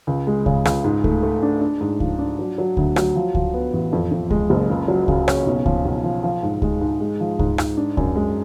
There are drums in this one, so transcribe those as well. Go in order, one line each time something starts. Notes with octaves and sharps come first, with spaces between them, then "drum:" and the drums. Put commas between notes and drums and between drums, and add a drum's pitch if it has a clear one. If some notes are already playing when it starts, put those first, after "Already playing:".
C#2
G#3
C#3, drum: kick C#2
C#2, drum: rim click
G#2
A3, drum: kick C#2
A3
D4
D4
G#2
F3, drum: kick C#2
D4
F#3
F#3
D2, drum: kick C#2
F#3, drum: rim click
F3
F3, drum: kick C#2
B3
A1
F2
F2
G#3, drum: kick C#2
F#1
C#2
F#3
C#3, drum: kick C#2
C#4, drum: rim click
B1
F3, drum: kick C#2
B1
F3
F3
G#2
G#3, drum: kick C#2
G#2
G#3
F3
G#2, drum: kick C#2
G#2, drum: rim click
D4
F#2, drum: kick C#2
G#3